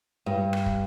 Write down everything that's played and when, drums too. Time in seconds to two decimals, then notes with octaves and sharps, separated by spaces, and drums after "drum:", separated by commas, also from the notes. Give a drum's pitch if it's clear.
0.26 G2
0.53 drum: rim click
0.66 drum: kick